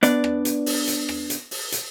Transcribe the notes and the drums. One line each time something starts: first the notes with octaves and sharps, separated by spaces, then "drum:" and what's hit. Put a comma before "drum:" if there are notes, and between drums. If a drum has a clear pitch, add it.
B3 D4 D5, drum: hi-hat
drum: rim click
drum: hi-hat
drum: open hi-hat
drum: hi-hat
drum: rim click
drum: hi-hat
drum: open hi-hat
drum: hi-hat